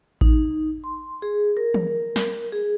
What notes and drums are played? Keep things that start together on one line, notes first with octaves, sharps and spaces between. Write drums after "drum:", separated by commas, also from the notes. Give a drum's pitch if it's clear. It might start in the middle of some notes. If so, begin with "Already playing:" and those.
D#4, drum: kick A1
C6
G#4
A#4
drum: tom
drum: snare
G#4